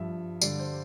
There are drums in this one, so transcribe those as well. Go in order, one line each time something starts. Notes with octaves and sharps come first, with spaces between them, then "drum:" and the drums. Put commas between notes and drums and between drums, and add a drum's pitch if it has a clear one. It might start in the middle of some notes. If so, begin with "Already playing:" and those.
Already playing: G2 F3 E5
G2 D3 G3 D5, drum: tambourine
C5